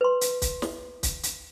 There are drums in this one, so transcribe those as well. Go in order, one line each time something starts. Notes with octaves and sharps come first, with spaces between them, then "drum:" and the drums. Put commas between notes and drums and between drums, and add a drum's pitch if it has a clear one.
B4 C6
drum: hi-hat
drum: kick, hi-hat
drum: snare
drum: kick, hi-hat
drum: hi-hat